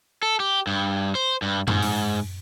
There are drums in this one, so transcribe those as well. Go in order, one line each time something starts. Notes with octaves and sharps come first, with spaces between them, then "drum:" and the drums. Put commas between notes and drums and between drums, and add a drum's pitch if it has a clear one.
A4
G4
G2
C5
G2
G#2, drum: tom F#2
drum: open hi-hat